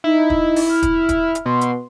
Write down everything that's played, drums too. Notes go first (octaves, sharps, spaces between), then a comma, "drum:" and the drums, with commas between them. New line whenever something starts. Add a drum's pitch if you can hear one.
D#4 E4
drum: kick
drum: open hi-hat
F6
drum: kick, hi-hat
drum: kick, hi-hat
drum: hi-hat
B2 C6
drum: hi-hat